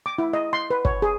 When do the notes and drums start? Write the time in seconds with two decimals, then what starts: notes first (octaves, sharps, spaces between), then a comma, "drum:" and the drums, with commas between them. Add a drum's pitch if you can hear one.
0.06 D6
0.18 E4
0.33 D#5
0.53 C6
0.70 B4
0.85 C#5, drum: kick
1.02 G#4